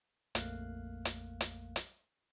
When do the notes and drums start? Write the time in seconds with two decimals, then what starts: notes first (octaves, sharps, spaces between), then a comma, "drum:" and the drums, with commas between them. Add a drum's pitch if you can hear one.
0.35 A#1 F2 A3 A#3 F5 F#6, drum: hi-hat
1.05 drum: hi-hat
1.41 drum: hi-hat
1.76 drum: hi-hat